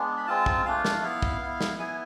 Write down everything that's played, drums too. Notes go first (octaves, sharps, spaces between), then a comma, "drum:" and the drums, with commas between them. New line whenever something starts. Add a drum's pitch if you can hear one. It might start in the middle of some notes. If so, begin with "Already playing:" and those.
Already playing: G#3 B3 D4
B5
G#3 C4 F4 A5
drum: kick
A3 D4 F4 F5
F5, drum: snare
B3 E4 F5
drum: kick
B3 E4
drum: snare
B3 E4 G#5